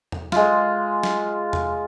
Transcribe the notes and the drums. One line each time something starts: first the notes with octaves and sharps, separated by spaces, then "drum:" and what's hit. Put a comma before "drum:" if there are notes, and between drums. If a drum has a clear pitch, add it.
drum: tom E2
G#3 F4, drum: snare
drum: snare
drum: tom E2